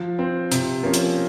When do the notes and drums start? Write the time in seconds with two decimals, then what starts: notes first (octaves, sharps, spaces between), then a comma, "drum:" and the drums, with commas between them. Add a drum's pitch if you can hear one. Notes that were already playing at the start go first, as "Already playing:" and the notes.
Already playing: F3
0.19 C4
0.51 C3, drum: hi-hat
0.83 F3 A#3 C#4
0.93 drum: hi-hat